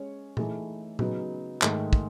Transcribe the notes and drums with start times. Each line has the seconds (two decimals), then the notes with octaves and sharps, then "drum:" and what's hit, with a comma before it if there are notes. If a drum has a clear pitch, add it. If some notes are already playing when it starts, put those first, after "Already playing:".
Already playing: G#3 C#4 G#4 C#5
0.37 E3 A3 D#4 G#4, drum: tom A#2
0.99 C#3 F#3 B3 D#4, drum: tom A#2
1.62 G#2 D#3 A3, drum: clap
1.93 drum: kick